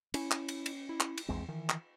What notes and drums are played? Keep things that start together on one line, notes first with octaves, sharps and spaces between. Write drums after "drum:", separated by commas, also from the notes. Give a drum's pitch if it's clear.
C#4 E4, drum: cymbal
drum: clap
drum: cymbal
drum: cymbal
E4
drum: clap
drum: cymbal
A#1 E2 G#3 C4
D#3 E3
drum: clap